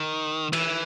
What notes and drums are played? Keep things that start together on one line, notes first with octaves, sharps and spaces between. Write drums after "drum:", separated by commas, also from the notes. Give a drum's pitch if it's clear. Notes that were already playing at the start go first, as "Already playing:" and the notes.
Already playing: D#3
E3, drum: cymbal